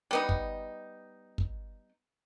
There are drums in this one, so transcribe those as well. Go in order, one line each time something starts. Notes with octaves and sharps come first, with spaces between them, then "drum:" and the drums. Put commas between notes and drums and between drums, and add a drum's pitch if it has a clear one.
G3 B3 D#4
drum: kick
drum: kick